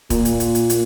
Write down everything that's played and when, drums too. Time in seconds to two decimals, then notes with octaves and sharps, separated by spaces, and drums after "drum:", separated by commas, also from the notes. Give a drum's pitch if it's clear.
0.10 A#2, drum: kick, hi-hat
0.25 drum: hi-hat
0.40 drum: hi-hat
0.55 drum: hi-hat
0.70 drum: hi-hat